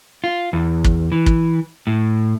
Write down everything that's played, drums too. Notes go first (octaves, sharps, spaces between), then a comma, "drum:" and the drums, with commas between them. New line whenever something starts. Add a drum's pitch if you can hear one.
F4
E2
drum: kick
E3
drum: kick
A2